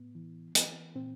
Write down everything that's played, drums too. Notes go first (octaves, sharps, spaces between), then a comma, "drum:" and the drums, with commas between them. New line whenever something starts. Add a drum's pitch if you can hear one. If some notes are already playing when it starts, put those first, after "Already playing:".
Already playing: A2 B3
E3
E3, drum: hi-hat
A#2 C4